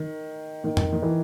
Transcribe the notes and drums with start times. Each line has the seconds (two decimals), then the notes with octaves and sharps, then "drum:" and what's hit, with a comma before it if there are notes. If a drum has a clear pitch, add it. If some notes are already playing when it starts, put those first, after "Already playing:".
Already playing: D#3
0.64 D#3
0.77 drum: tom F2
0.93 D#3
1.02 E3